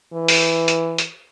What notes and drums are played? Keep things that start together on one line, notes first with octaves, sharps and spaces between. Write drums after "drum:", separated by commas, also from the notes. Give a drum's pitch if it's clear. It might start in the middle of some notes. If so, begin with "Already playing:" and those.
E3
drum: open hi-hat
drum: hi-hat
drum: hi-hat